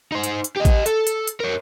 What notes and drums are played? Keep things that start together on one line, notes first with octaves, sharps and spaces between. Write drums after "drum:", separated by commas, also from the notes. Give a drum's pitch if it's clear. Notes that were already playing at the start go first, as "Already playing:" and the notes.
D#4 C5
drum: hi-hat
drum: hi-hat
G4 D#5
drum: kick A1, hi-hat
A4, drum: hi-hat
drum: hi-hat
drum: hi-hat
A#4 C#5